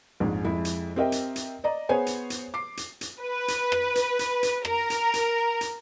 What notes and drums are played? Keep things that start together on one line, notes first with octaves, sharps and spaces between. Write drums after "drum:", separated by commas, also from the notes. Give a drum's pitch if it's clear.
A#1 F2 G#2
F2 G#3 E4
drum: hi-hat
C4 G4 A#4 D#5 E5 G5
drum: hi-hat
drum: hi-hat
D5 D#5 A#5
B3 G#4 C5 C#5 G#5
drum: hi-hat
drum: hi-hat
D6 C7
drum: hi-hat
drum: hi-hat
B4
drum: hi-hat
drum: rim click
drum: hi-hat
drum: hi-hat
drum: hi-hat
A#4, drum: rim click
drum: hi-hat
drum: hi-hat
drum: hi-hat